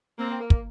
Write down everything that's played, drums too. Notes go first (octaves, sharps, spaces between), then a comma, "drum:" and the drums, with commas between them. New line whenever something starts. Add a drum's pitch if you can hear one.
A#3 C4
C4
A#3
drum: kick